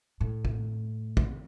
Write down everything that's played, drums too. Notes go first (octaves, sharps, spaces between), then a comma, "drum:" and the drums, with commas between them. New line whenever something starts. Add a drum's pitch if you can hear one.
A2
drum: kick
drum: kick